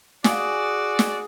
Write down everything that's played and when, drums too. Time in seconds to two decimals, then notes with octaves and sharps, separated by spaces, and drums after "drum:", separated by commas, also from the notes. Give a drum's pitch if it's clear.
0.24 F#4 G#4 D5, drum: snare
0.99 drum: snare